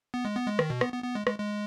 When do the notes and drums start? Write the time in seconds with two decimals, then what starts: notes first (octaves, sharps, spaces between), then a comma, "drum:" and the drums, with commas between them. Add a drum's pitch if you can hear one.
0.14 B3
0.25 G#3
0.37 B3
0.47 G#3
0.59 D#3, drum: rim click
0.70 B2
0.81 B3, drum: rim click
0.93 B3
1.04 B3
1.15 G#3
1.27 G#3, drum: rim click
1.39 G#3